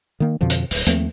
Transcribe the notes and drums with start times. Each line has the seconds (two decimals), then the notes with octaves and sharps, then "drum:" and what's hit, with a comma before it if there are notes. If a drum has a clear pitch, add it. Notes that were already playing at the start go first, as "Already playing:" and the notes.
0.20 D#3 A#3
0.41 F2 B2 D3 F3
0.50 drum: hi-hat
0.71 D1 C#2, drum: open hi-hat
0.87 D#2 F3 A3 C4, drum: hi-hat